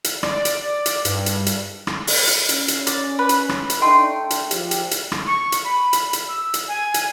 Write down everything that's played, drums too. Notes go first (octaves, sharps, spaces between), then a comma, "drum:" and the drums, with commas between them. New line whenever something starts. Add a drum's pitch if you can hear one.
drum: hi-hat
D5, drum: rim click
drum: hi-hat
drum: hi-hat
G2, drum: hi-hat
drum: hi-hat
drum: hi-hat
drum: rim click
drum: open hi-hat
drum: hi-hat
C#4, drum: hi-hat
drum: hi-hat
D5, drum: hi-hat
B4
drum: hi-hat
drum: rim click
drum: hi-hat
A3 D4 D#4 D#5 G5 C6
D4
drum: hi-hat
F3 G4, drum: hi-hat
drum: hi-hat
drum: hi-hat
drum: rim click
C#6
drum: hi-hat
B5
drum: hi-hat
drum: hi-hat
E6
drum: hi-hat
G#5
drum: hi-hat